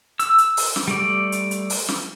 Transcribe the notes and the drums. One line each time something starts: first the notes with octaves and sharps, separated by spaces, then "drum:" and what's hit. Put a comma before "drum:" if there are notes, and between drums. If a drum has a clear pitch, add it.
E6, drum: hi-hat
drum: hi-hat
drum: open hi-hat
drum: snare
G3 A3 D5
drum: hi-hat
drum: hi-hat
drum: open hi-hat
drum: snare